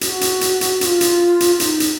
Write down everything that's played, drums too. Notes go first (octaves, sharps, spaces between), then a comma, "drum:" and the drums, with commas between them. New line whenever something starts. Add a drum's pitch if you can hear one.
F#4, drum: hi-hat
drum: hi-hat
drum: hi-hat
drum: hi-hat
F#4, drum: hi-hat
F4
drum: hi-hat
drum: hi-hat
D#4, drum: hi-hat
drum: hi-hat